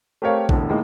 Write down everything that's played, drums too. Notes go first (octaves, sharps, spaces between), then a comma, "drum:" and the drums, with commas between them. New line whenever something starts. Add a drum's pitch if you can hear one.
A3 C4 G4 A#4 C#5 F5
E1 A2 D3, drum: kick A#1
A2 D#3 G#3 A#3